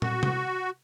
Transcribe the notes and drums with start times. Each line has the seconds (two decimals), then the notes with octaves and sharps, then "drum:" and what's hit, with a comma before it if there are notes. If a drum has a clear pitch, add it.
0.02 F#4, drum: tom
0.23 drum: tom C3